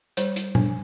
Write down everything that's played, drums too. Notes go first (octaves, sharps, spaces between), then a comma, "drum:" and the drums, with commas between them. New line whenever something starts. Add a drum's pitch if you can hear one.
G3 C5, drum: hi-hat
drum: hi-hat
G3 D4, drum: tom